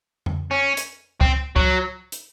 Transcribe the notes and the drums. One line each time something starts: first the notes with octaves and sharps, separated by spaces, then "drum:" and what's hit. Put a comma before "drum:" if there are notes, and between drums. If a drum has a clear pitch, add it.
drum: tom F2
C#4
drum: hi-hat
C4, drum: kick
F#3, drum: kick
drum: hi-hat